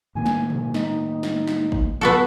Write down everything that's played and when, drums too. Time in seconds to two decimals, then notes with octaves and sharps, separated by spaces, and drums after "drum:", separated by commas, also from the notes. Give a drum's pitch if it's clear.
0.15 A2 D#3 A#3 G#5
0.26 drum: snare
0.50 drum: tom
0.74 D#4, drum: snare
1.23 drum: snare
1.48 drum: snare
1.72 drum: kick
2.01 B3 F#4 A4 C7